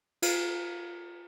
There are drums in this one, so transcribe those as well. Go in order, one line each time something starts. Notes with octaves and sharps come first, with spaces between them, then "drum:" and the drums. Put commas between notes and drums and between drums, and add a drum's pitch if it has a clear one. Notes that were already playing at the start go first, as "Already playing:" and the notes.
F4, drum: cymbal